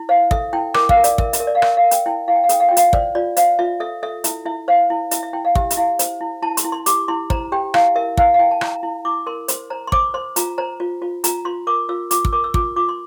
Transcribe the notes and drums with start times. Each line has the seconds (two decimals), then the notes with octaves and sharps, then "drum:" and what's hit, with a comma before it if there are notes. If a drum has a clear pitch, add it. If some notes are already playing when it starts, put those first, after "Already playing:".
Already playing: E4
0.09 C5 F5
0.31 A4 E5, drum: kick
0.53 E4 G5
0.74 A#4 D6, drum: rim click
0.89 F5, drum: kick
0.97 A#4
1.04 D5, drum: hi-hat
1.18 A#4 E5, drum: kick
1.33 E5, drum: hi-hat
1.40 A#4
1.47 D5
1.55 F5
1.62 A#4 E5, drum: rim click
1.77 F5
1.84 A#4
1.91 G5, drum: hi-hat
2.06 E4 G5
2.28 E4 F5
2.36 G5
2.44 F5
2.49 A4 G5, drum: hi-hat
2.60 F5
2.69 F4 G5
2.77 F5, drum: hi-hat
2.93 C5 D5, drum: kick
3.15 F4 D5
3.37 C5 F5, drum: hi-hat
3.59 F4 E5
3.80 A4 E5
4.03 A4 E5
4.24 E4 E5, drum: hi-hat
4.46 E4 E5
4.68 C5 F5
4.90 E4
5.11 E4 E5, drum: hi-hat
5.23 E5
5.33 E4 G5
5.45 F5
5.55 G4 E5, drum: kick
5.70 E5, drum: hi-hat
5.77 E4 F5
5.99 C5, drum: hi-hat
6.21 E4
6.43 E4 A5
6.57 C6, drum: hi-hat
6.64 E4
6.72 C6
6.86 G4 D6, drum: hi-hat
7.08 E4 C6
7.30 C5 A#5, drum: kick
7.52 G4 G5
7.74 E4 F5, drum: rim click
7.95 A#4 E5
8.17 E4 F5, drum: kick
8.34 F5
8.39 E4 G5
8.51 A5
8.61 E4 A#5, drum: rim click
8.83 E4
9.05 E4 D6
9.27 A#4 C6
9.48 C5 C6, drum: hi-hat
9.70 C5 A#5
9.87 C6
9.92 C5 D6, drum: kick
10.14 C5 C6
10.36 F4 A#5, drum: hi-hat
10.58 C5 A#5
10.80 F4
11.02 F4
11.24 F4 A#5, drum: hi-hat
11.45 F4 C6
11.67 A#4 D6
11.89 F4 E6
12.11 F4 D6, drum: hi-hat
12.25 E6, drum: kick
12.33 A#4 D6
12.44 E6
12.54 F4 D6, drum: kick
12.76 F4 D6
12.89 C6